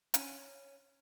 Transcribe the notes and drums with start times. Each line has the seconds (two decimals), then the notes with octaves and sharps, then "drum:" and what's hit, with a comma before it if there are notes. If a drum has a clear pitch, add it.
0.14 C#4, drum: hi-hat